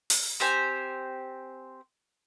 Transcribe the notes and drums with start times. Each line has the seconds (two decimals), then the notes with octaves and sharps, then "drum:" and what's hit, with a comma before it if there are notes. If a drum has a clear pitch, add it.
0.10 drum: open hi-hat
0.40 C4 G4 C5 G#5